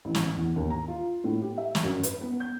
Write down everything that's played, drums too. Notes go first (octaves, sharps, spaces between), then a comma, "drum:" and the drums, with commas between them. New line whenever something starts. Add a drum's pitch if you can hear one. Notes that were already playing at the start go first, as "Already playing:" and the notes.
A1
drum: snare
E2
D#2
A#5
F4
A2
G4
E5
drum: snare
F#2
B4, drum: hi-hat
B3
G6